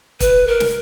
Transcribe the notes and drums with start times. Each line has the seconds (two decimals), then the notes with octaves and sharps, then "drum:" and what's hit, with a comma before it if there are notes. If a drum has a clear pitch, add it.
0.20 B4, drum: kick, hi-hat
0.47 A#4
0.60 drum: snare